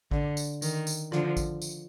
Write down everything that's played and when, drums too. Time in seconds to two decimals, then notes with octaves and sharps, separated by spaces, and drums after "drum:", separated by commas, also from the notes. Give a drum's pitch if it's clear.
0.11 D3, drum: kick A1
0.37 drum: tambourine
0.62 D#3, drum: tambourine
0.87 drum: tambourine
1.12 D3 F3, drum: rim click
1.37 drum: kick A1, tambourine
1.62 drum: tambourine